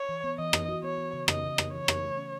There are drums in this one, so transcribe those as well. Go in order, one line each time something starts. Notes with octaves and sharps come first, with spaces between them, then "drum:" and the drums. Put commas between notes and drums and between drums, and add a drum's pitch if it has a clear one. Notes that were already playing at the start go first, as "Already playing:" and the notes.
Already playing: C#5
E3
B3
E3 D#5
E3, drum: rim click
F#4
B3 C#5
B3
C#3
C#3 D#5, drum: rim click
C#3
C#3, drum: rim click
E3 C#5
E3, drum: rim click
A3
C#4